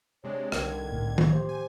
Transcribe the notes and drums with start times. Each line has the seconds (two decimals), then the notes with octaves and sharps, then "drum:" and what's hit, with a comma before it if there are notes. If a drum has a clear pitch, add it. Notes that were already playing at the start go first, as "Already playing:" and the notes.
0.24 C3 G#3 D4 C#5
0.52 C2 D3 D#3 A#4 G#6, drum: rim click
0.92 A2
1.18 drum: tom D#3
1.32 G4 C5
1.49 G#5